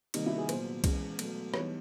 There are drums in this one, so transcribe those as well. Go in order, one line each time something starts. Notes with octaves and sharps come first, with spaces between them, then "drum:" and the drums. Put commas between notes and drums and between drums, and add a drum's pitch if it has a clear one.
C3 D#3 G3 A#3 D#4, drum: cymbal
E4
G#4
A#2 F#3 B3 C5, drum: cymbal
E3 G#3 C#4, drum: kick C2, cymbal
B2 F#3 A3, drum: cymbal
E3 G3 B3 D#4 C#5, drum: rim click